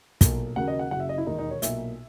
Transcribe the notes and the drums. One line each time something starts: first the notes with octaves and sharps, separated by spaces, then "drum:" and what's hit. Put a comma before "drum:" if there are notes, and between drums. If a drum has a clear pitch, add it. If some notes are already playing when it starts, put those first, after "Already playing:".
B1 A#2 A#3, drum: kick, hi-hat
D#2 C#3 F#3 A#3 F#5
D#5
F#5
F#1 F#2 C#3 F#5
E5
D#5
E4
E1 D#2 D#3 A#3 D#4
D#4
C#5
B1 A#2 A#3 E5, drum: hi-hat